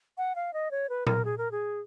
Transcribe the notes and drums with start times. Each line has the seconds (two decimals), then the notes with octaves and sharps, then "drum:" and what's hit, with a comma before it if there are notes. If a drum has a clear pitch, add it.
0.18 F#5
0.35 F5
0.53 D#5
0.71 C#5
0.89 B4
1.07 A#4, drum: tom A#2
1.25 G#4
1.38 A#4
1.51 G#4